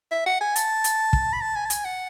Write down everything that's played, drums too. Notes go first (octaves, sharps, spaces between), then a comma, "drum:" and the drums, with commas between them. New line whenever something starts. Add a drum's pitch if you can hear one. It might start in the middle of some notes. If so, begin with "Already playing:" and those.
E5
F#5
G#5
A5, drum: hi-hat
drum: hi-hat
drum: kick
B5
A5
G#5
A5
G#5, drum: hi-hat
F#5